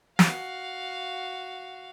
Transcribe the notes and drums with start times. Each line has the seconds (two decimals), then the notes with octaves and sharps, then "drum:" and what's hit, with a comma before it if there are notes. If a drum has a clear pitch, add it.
0.19 F#4 F5, drum: snare